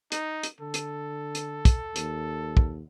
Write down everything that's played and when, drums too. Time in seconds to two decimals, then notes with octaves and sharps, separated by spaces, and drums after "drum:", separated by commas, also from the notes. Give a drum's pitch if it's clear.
0.12 D#4, drum: hi-hat
0.43 drum: hi-hat
0.61 D3 A4
0.74 drum: hi-hat
1.35 drum: hi-hat
1.65 drum: kick, hi-hat
1.96 D#2, drum: hi-hat
2.57 drum: kick